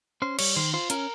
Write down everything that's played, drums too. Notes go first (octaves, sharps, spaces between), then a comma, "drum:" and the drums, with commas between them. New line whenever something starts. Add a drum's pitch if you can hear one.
C#4 C5
G3 C#5, drum: cymbal
D#3 C5
F4 C5
C#4 A#4, drum: hi-hat